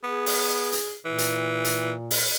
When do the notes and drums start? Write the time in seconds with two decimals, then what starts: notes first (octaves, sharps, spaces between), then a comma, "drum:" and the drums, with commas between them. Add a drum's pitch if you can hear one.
0.03 B3 G#4
0.26 drum: open hi-hat
0.72 drum: hi-hat
1.05 A#2 E3
1.18 drum: hi-hat
1.64 drum: hi-hat
2.11 drum: open hi-hat